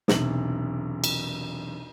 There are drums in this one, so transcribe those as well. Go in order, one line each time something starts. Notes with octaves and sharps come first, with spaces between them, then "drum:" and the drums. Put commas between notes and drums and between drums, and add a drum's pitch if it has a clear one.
E1 B1 C3 F#7, drum: snare
drum: cymbal